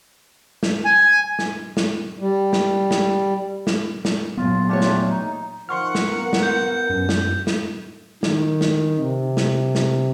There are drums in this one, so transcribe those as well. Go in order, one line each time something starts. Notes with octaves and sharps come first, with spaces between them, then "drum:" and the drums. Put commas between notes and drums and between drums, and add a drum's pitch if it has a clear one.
drum: snare
G#5
drum: snare
drum: snare
G3
drum: snare
drum: snare
drum: snare
drum: snare
A#2 F#3 B3 F4
E2 A3 D4 F4 G4 C#5
drum: snare
D#4
D#3 F3 F#5 C6 C#6 F6
drum: snare
B3 F4 A#4
drum: snare
G6
F#2 B2
drum: snare
drum: snare
D#3, drum: snare
drum: snare
C3
drum: snare
drum: snare